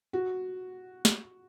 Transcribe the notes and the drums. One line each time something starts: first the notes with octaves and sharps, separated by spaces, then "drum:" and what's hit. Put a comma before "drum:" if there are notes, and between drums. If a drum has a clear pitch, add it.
F#4
drum: snare